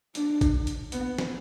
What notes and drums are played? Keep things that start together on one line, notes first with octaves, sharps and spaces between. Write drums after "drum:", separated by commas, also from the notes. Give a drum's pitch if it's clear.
D4, drum: hi-hat
drum: kick A1, hi-hat
drum: hi-hat
B3, drum: hi-hat
drum: snare